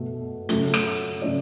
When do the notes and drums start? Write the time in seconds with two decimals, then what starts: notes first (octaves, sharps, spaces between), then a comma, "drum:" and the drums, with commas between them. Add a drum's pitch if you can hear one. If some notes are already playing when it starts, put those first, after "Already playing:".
Already playing: B2 A3
0.49 C#3 F#3 A3, drum: hi-hat
0.74 drum: rim click
1.22 C#3 F#3 A3 D5